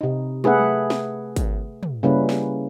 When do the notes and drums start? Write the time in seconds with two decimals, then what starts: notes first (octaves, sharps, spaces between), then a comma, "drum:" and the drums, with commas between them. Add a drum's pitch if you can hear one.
0.01 C3 D#4
0.44 A3 G#4 B4 E5 F#5, drum: tom
0.90 drum: snare
1.36 drum: kick G#1, hi-hat
1.83 drum: tom
2.03 C#3 G3 A#3 C#4 E4 B4
2.29 drum: snare